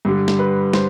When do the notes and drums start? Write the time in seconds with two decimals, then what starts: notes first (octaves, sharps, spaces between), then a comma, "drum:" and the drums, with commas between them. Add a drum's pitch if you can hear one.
0.05 G2 D3 G3
0.28 drum: snare
0.39 B4
0.73 C5, drum: snare